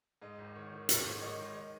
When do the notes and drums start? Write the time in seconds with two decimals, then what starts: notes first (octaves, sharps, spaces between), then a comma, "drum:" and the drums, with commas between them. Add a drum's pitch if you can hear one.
0.22 G#2 D#5
0.38 G#1
0.55 D#3 C#5
0.72 D#3
0.89 G#1 C#5, drum: hi-hat
1.05 G#2
1.15 C#5
1.22 D#3 D#5
1.39 G#2
1.55 D#5